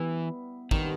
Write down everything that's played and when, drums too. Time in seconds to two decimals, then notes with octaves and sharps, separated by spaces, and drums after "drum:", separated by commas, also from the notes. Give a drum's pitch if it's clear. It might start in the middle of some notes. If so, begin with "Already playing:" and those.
Already playing: E3 G3 B3 E4
0.71 B2 D#3 G3 C4 F#4, drum: kick